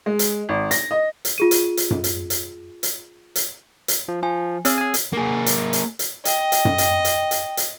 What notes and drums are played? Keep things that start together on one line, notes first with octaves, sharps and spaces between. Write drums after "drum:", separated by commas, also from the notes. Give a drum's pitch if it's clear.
G#3
drum: hi-hat
G#1
A#6, drum: hi-hat
D#5
drum: hi-hat
F4 G#4 D#7
drum: hi-hat
drum: hi-hat
drum: tom F#2
drum: hi-hat
drum: hi-hat
drum: hi-hat
drum: hi-hat
drum: hi-hat
F3
F3 G#5
C4 G#4 C#5 E6, drum: hi-hat
G#4 G#5
drum: hi-hat
A#3 G#4
drum: hi-hat
drum: hi-hat
drum: hi-hat
D#5 G5, drum: hi-hat
drum: hi-hat
drum: tom F#2
drum: hi-hat
drum: hi-hat
drum: hi-hat
drum: hi-hat